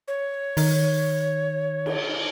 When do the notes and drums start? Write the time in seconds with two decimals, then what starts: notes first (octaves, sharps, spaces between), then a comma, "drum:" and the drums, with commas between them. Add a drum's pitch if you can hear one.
0.08 C#5
0.57 D#3, drum: open hi-hat
1.86 drum: cymbal